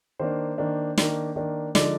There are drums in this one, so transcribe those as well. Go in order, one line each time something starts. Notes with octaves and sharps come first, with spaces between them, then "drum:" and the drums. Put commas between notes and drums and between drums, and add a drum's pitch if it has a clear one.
D#3 A#3 D4 C5
D#3 A#3 D4
D#3 A#3 D4, drum: snare
D#3 A#3 D4
D3 F3 G#3 D#4 D5, drum: snare